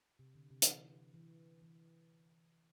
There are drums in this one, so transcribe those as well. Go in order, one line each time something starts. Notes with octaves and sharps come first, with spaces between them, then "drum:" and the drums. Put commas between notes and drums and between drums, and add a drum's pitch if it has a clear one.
C3
D3
C3
E3, drum: hi-hat
D3
E3
E3